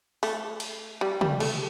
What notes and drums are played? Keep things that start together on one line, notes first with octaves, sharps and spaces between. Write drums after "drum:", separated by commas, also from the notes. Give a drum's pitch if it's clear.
A3, drum: open hi-hat
drum: cymbal
G3
G3, drum: tom
A3, drum: cymbal